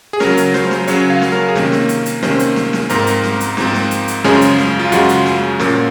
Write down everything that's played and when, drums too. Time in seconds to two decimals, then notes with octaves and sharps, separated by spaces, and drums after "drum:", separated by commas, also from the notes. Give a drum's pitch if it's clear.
0.13 G#4
0.20 C#3 F#3 C#4 A#4, drum: snare
0.37 drum: hi-hat
0.54 C5, drum: snare
0.71 drum: snare
0.88 C#3 F#3 C#4 C#5, drum: hi-hat
1.10 F5
1.22 drum: snare
1.32 A#4
1.49 G#4
1.55 C3 D#3 A#3 C#4 A#4, drum: snare
1.72 drum: snare
1.89 drum: hi-hat
2.06 drum: hi-hat
2.23 C3 D#3 A#3 C#4 C5, drum: snare
2.39 drum: hi-hat
2.56 drum: snare
2.73 drum: snare
2.90 G#2 F3 C4 A#4, drum: hi-hat
3.07 drum: hi-hat
3.24 drum: snare
3.40 drum: hi-hat
3.57 G#2 F3 C4, drum: snare
3.74 drum: snare
3.91 drum: hi-hat
4.08 drum: hi-hat
4.24 F#2 C#3 F3 G#3 C#4 G#4, drum: snare
4.41 drum: hi-hat
4.58 drum: snare
4.79 F4
4.92 F#2 C#3 F3 G#3 C#4 F#4, drum: hi-hat
5.09 drum: hi-hat
5.26 drum: snare
5.59 A#2 F3 A#3 C#4, drum: snare